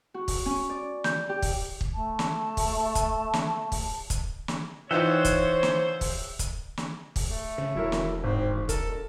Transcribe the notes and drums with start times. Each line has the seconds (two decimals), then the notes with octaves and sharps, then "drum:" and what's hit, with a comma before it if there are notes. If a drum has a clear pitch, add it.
0.14 F#4
0.28 drum: kick, open hi-hat
0.46 C#4
0.69 D5
1.04 G6, drum: snare
1.29 G4
1.42 drum: kick, open hi-hat
1.81 drum: kick
1.93 A3 A5
2.19 drum: snare
2.57 drum: kick, open hi-hat
2.95 drum: kick, hi-hat
3.34 drum: snare
3.72 drum: kick, open hi-hat
4.10 drum: kick, hi-hat
4.48 drum: snare
4.91 E3 D#4 F4 C5 C#5 E5 F#5 G5
5.25 drum: kick, hi-hat
5.63 drum: snare
6.01 drum: kick, open hi-hat
6.39 drum: kick, hi-hat
6.77 drum: snare
7.16 drum: kick, open hi-hat
7.28 A3
7.58 C#3
7.75 E1 F#3 E4 A#4
7.92 drum: snare
8.24 G#1 C4
8.69 A4 A#4, drum: kick, hi-hat